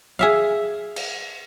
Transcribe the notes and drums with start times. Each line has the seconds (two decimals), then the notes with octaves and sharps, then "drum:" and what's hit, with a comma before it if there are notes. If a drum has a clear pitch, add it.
0.19 G#4 E5 F5
0.96 drum: cymbal